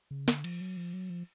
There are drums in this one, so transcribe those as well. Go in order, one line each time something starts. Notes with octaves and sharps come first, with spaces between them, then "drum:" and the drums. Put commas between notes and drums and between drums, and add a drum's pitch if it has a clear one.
C#3
D3, drum: snare
F3, drum: cymbal
F#3
F3
F#3
F3